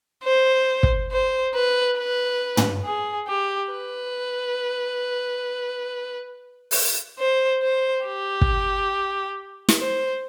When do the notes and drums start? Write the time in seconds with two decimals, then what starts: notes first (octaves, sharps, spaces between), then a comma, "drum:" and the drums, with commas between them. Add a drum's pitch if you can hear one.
0.23 C5
0.83 drum: kick
1.11 C5
1.54 B4
1.97 B4
2.57 drum: tom
2.85 G#4
3.28 G4
3.71 B4
6.71 drum: open hi-hat
7.19 C5
7.62 C5
8.05 G4
8.41 drum: kick
9.69 drum: snare
9.79 C5